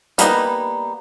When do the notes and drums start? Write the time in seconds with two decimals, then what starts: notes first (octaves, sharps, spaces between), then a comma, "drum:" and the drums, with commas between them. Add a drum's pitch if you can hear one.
0.18 G3 A#3 B3 D#4, drum: hi-hat